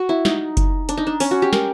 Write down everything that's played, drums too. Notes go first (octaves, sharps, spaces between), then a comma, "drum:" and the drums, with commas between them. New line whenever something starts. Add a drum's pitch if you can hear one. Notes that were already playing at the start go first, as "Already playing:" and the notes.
Already playing: F#4
E4
D#4, drum: snare
drum: kick F#1, hi-hat
D4, drum: hi-hat
D#4
D4
C#4, drum: open hi-hat
F#4
G4
A#4, drum: snare